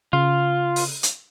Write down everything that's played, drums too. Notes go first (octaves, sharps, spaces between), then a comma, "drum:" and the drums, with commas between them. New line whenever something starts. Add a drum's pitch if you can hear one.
C#3 F4
drum: open hi-hat
drum: hi-hat